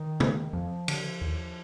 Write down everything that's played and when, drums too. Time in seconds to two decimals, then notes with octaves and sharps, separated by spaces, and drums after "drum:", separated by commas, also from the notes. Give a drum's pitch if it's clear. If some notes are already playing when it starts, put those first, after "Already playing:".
Already playing: D#3
0.20 C#3, drum: tom
0.53 F2 F3
0.88 D3, drum: cymbal
1.21 D#2